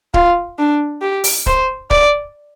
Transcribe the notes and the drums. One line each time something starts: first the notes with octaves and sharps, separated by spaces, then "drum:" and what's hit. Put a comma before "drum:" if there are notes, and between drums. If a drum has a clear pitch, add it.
F4, drum: kick D1
D4
G4
drum: open hi-hat
C5, drum: kick D1
D5, drum: kick D1